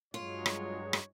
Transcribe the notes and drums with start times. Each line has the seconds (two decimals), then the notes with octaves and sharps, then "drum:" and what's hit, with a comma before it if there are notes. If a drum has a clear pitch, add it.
0.14 G2 F#3 G#3 F4 C#5
0.46 drum: rim click
0.93 drum: rim click